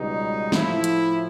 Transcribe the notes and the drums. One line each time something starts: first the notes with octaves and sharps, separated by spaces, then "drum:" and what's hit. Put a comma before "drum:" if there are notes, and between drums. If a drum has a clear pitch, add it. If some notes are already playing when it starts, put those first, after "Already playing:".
Already playing: C#2 B2 G3 D#4
A2 F3 E4, drum: snare
drum: hi-hat